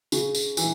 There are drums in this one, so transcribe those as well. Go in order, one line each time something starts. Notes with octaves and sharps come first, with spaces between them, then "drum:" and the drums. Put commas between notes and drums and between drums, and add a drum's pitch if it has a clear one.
C#3, drum: tambourine
drum: tambourine
E3, drum: tambourine